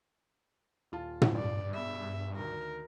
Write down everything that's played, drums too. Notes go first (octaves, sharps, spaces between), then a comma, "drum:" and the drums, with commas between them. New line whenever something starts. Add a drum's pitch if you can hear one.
D#1 F4 A5
drum: tom
G2 D5
B2 G#4 E5 B5
D2 D#3 A#4